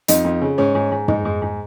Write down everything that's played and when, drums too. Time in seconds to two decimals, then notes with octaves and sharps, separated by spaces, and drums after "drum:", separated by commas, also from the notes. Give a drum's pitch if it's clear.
0.08 F2 D#4, drum: hi-hat
0.25 F2
0.41 C#3
0.58 G#2 C#4
0.75 G#2
0.92 G#2
1.08 G#2 D#4, drum: tom
1.25 G#2
1.42 G#2